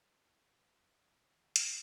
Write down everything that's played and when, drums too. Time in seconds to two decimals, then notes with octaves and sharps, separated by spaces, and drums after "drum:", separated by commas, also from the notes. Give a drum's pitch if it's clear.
0.19 E2
0.59 F#2
0.78 F#2
1.08 B2
1.22 D#3
1.37 D#3
1.56 C#3, drum: hi-hat